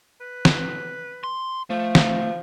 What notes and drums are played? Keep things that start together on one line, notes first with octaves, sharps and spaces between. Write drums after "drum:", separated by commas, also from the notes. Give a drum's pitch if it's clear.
B4
drum: snare
C6
F3 A3
drum: snare